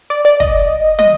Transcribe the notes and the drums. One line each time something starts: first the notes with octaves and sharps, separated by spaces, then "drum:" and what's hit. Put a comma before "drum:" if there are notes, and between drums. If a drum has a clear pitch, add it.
D5
D5
D#5, drum: kick
D#5, drum: tom